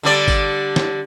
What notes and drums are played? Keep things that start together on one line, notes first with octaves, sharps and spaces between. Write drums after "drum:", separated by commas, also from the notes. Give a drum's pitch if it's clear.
D3 G3 D5
drum: kick G#1, tambourine
drum: snare